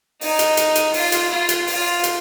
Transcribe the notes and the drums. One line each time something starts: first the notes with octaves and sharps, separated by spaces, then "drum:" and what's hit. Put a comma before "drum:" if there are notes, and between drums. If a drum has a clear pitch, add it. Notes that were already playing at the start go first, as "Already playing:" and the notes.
D#4, drum: open hi-hat
drum: hi-hat
drum: hi-hat
drum: hi-hat
F4, drum: open hi-hat
drum: hi-hat
F4
drum: hi-hat
F4, drum: open hi-hat
drum: hi-hat